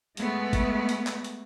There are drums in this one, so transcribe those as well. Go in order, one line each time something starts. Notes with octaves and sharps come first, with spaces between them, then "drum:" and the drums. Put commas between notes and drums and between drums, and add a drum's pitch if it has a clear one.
G#3 A3 B3, drum: hi-hat
drum: kick G#1, hi-hat
drum: hi-hat
drum: clap
drum: hi-hat